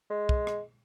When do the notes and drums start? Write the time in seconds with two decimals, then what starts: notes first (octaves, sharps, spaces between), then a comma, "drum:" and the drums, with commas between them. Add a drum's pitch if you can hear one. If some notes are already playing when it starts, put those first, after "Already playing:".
0.10 G#3
0.29 drum: kick
0.47 drum: rim click